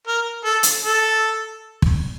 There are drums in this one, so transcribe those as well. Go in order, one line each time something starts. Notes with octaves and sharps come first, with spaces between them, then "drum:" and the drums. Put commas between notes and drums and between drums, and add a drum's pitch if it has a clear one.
A#4
A4
drum: hi-hat
A4
drum: kick